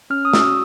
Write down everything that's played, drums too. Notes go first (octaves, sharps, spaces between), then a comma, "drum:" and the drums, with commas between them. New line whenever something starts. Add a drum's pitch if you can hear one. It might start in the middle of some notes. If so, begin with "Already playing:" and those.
C#4 F6
D#6
F#4 E6, drum: snare